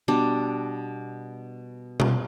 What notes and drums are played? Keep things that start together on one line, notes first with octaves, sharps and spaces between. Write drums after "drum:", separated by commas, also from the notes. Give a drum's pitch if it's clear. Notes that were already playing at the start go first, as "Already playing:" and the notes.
B2 G3 D4
drum: tom B2